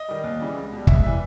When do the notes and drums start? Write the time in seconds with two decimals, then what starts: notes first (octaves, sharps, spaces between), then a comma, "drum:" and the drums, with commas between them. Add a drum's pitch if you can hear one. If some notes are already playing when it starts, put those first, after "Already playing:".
Already playing: D#5
0.08 D#3 G3
0.24 D#2
0.39 C#3 E3 G3
0.56 C#2
0.72 B2 G3
0.87 G#2 E5, drum: kick
1.04 E3 G3 E5